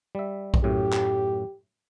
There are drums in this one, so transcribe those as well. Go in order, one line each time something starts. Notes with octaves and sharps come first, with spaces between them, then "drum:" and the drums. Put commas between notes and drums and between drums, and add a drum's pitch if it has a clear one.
G3 E5
drum: kick A#1
F#2 A2 G4
drum: clap